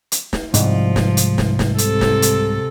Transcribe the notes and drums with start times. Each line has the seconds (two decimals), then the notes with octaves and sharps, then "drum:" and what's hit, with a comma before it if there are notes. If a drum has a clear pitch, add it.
0.12 drum: hi-hat
0.33 drum: snare
0.54 C2 F2 G#2 F3, drum: hi-hat
0.96 drum: snare
1.17 drum: hi-hat
1.38 drum: snare
1.59 drum: snare
1.78 C3 A4, drum: hi-hat
2.01 drum: snare
2.22 drum: hi-hat